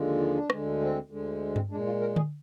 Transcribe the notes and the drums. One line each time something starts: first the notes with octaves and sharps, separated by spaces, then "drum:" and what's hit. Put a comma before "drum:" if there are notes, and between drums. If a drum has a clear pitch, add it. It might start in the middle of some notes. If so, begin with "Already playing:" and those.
Already playing: D#2 D3 F3 G#3
F4
D4
D2 D3 G#3, drum: rim click
C4
D2 D3 G#3
C4, drum: tom G2
A#2 G#3 D4
F4
A#4
G#4, drum: tom D3